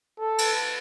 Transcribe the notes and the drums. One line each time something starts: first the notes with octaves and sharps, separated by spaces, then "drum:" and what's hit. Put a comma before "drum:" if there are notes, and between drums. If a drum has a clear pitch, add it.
A4
drum: cymbal